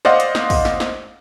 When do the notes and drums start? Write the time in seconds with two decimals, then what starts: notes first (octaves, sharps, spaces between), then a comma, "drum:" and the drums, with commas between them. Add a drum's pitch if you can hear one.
0.05 C5 D5 D#5 F5 F#5, drum: snare
0.20 drum: hi-hat
0.35 drum: snare
0.50 drum: kick, open hi-hat
0.65 drum: snare
0.80 drum: snare